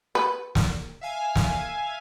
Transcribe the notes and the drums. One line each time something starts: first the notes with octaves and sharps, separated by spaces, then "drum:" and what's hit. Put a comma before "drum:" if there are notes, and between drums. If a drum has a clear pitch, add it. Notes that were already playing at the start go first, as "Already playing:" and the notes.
B4
drum: snare
E5 F5 G#5
drum: snare